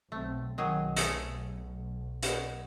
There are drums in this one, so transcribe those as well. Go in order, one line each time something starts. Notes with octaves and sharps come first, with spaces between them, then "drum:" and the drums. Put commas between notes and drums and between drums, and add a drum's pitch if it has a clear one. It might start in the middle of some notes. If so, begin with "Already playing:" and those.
B1 A3 C4
B1 D#3 F#3 G#4
A3 G#4, drum: hi-hat
B2, drum: hi-hat